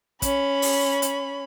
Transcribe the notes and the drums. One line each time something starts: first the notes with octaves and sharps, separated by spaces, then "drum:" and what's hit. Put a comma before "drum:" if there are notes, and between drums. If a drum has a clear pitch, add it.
C#4 B5, drum: kick, hi-hat
drum: open hi-hat
drum: hi-hat